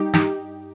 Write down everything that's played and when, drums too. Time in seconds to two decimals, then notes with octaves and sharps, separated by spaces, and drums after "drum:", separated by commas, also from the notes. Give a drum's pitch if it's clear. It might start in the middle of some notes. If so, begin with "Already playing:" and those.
Already playing: G3 D#4 G4
0.14 G2 D#4 G4, drum: snare